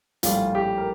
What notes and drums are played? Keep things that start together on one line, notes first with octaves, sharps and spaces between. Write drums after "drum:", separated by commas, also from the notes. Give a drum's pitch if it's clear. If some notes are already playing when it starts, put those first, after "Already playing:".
A#1 A2 G3 F4, drum: hi-hat
G4
A#4